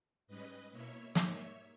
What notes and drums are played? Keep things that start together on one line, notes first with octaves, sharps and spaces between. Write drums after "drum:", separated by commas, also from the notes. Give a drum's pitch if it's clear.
G#2 G3 C#4 B4 D#5
B2 A#3 E4 C#5 E5
G#2 G3 A#3 D#4 C#5 E5, drum: snare